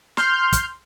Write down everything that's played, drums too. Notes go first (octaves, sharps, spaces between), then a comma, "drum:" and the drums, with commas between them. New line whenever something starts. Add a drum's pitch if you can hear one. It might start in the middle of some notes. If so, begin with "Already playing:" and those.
C6 F6 G6, drum: snare
drum: kick, hi-hat